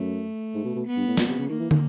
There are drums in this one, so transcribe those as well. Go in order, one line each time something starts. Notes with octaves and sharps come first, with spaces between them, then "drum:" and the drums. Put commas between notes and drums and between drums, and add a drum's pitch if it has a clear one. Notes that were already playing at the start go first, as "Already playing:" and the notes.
Already playing: F#2 A3
G#2
B2
B2
B3
G2
A2
A#2, drum: snare
C3
C#3
D#3 A#3
E3
D#3, drum: tom